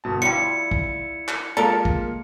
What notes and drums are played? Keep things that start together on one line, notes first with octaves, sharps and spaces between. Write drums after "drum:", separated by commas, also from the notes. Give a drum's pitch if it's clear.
G1 B2 A5
F3 G3 E4 C#7
drum: kick
drum: clap
G#3 A#3 F4 A4 A#4
drum: kick